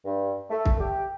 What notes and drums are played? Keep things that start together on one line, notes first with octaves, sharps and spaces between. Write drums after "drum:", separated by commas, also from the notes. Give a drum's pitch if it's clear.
G2
A3
drum: kick C2
G4